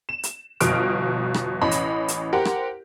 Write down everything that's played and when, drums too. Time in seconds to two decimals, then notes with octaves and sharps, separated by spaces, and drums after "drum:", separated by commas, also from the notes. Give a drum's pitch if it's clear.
0.09 E7
0.23 drum: hi-hat
0.60 G1 F2 B2 D#6 F6 D7, drum: hi-hat
1.34 drum: rim click
1.61 A1 C#4 D#5 B5
1.71 drum: hi-hat
2.08 drum: hi-hat
2.33 G4 A#4 C5 F#5
2.45 drum: rim click